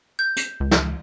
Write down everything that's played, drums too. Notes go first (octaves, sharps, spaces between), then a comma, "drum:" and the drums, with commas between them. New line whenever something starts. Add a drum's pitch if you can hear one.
G6
drum: hi-hat
C#2
drum: snare